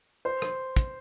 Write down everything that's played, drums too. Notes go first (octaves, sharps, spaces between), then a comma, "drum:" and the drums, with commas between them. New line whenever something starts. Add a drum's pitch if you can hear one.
C5
drum: rim click
drum: kick, hi-hat